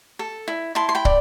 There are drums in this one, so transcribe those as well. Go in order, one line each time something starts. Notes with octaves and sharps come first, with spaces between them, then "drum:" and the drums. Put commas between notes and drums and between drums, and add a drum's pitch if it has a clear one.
A4
E4
E4 A5 C6
C6
G5 B5
D5, drum: kick